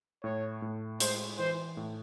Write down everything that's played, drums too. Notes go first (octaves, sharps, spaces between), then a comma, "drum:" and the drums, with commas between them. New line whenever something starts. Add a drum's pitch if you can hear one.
A2 C#5
A2
G#3 C5, drum: hi-hat
E3 C5
A2